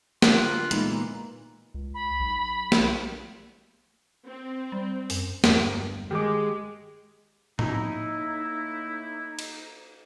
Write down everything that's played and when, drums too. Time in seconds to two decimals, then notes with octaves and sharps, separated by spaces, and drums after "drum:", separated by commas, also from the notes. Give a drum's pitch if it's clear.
0.22 D3 F4 F#6, drum: snare
0.71 A#2 E3 G#3 B3 D#4, drum: hi-hat
1.74 C#2
1.94 B5
2.20 B1
2.72 drum: snare
4.26 C4
4.72 G3
5.10 F#2, drum: open hi-hat
5.44 G1 E2, drum: snare
6.11 D#3 G#3 G4 G#4 D6
7.59 A2 A#3 D#4 E4, drum: tom A2
9.39 drum: cymbal